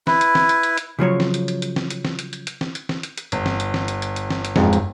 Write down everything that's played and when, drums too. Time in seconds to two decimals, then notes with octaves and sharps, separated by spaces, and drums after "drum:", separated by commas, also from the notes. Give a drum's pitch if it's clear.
0.07 E4 B4, drum: snare
0.21 drum: hi-hat
0.35 drum: snare
0.49 drum: hi-hat
0.63 drum: hi-hat
0.78 drum: hi-hat
0.99 C#3 F3 F#3 C#5
1.20 drum: snare
1.34 drum: hi-hat
1.48 drum: hi-hat
1.62 drum: hi-hat
1.76 drum: snare
1.90 drum: hi-hat
2.05 drum: snare
2.19 drum: hi-hat
2.33 drum: hi-hat
2.47 drum: hi-hat
2.61 drum: snare
2.75 drum: hi-hat
2.89 drum: snare
3.03 drum: hi-hat
3.18 drum: hi-hat
3.32 G1, drum: hi-hat
3.46 drum: snare
3.60 drum: hi-hat
3.74 drum: snare
3.88 drum: hi-hat
4.02 drum: hi-hat
4.16 drum: hi-hat
4.30 drum: snare
4.45 drum: hi-hat
4.56 F2 G#2, drum: snare
4.73 drum: hi-hat